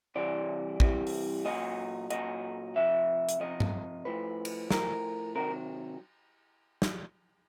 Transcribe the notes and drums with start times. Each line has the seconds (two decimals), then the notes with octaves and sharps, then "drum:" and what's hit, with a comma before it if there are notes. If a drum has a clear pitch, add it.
0.15 C3 E3 G3 D5
0.80 C3 E3 G3, drum: kick A1
1.07 drum: open hi-hat
1.45 A#2 F#3 D#5
2.10 A#2 F#3 D#5, drum: hi-hat
2.76 C3 F3 E5
3.29 drum: hi-hat
3.40 C3 F3 D#5
3.60 drum: tom G2
4.05 A2 F3 B4
4.45 drum: cymbal
4.70 A2 F3 A#4, drum: snare
5.35 C3 D#3 F#3 A#4
6.82 drum: snare